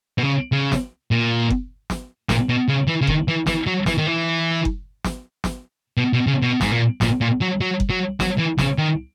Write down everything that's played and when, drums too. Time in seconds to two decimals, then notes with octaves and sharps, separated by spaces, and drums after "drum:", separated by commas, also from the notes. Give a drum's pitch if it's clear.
0.18 B2
0.23 C#3
0.52 C#3
0.72 drum: snare
1.11 A#2
1.50 drum: kick F#1
1.90 drum: snare
2.29 A#2, drum: snare
2.49 B2
2.68 C#3
2.88 E3
3.01 C#3
3.07 D#3, drum: kick F#1
3.28 E3
3.47 E3, drum: snare
3.67 F#3
3.86 E3, drum: snare
3.98 D#3
4.07 E3
4.65 drum: kick F#1
5.05 drum: snare
5.44 drum: snare
5.97 B2
6.13 B2
6.27 C#3
6.42 B2
6.61 G#2, drum: snare
6.72 A#2
7.01 A#2, drum: snare
7.21 A#2
7.41 F#3
7.61 F#3
7.80 drum: kick F#1
7.90 F#3
8.20 F#3, drum: snare
8.38 E3
8.59 C#3, drum: snare
8.78 D#3